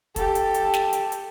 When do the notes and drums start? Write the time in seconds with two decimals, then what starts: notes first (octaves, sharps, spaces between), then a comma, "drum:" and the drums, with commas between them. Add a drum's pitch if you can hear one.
0.16 G4 A4, drum: kick, hi-hat
0.35 drum: hi-hat
0.54 drum: hi-hat
0.74 drum: snare
0.93 drum: hi-hat
1.12 drum: hi-hat